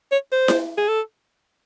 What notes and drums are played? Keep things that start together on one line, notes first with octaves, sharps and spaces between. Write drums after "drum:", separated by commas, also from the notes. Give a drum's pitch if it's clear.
C#5
C5
drum: snare E4
G#4
A4